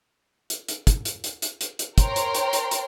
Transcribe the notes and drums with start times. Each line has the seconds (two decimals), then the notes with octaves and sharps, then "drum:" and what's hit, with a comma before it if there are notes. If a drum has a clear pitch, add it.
0.50 drum: hi-hat
0.68 drum: hi-hat
0.87 drum: kick, hi-hat
1.05 drum: hi-hat
1.24 drum: hi-hat
1.42 drum: hi-hat
1.61 drum: hi-hat
1.79 drum: hi-hat
1.98 A#4 C5 C#5 G5 A#5 C6, drum: kick, hi-hat
2.16 drum: hi-hat
2.35 drum: hi-hat
2.53 drum: hi-hat
2.71 drum: hi-hat